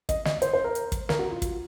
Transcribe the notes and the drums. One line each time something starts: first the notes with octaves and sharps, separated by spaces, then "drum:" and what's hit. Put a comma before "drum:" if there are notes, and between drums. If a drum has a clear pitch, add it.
D#5, drum: kick, hi-hat
D#5, drum: snare
C5, drum: hi-hat
C5
A#4
drum: hi-hat
drum: kick, hi-hat
A#4, drum: snare
F#4
F4
drum: kick, hi-hat